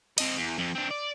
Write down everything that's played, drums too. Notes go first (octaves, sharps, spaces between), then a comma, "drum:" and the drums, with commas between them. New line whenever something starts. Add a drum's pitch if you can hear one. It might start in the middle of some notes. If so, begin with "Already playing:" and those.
C4 D#5, drum: cymbal
E2
F2
C4 D4
D5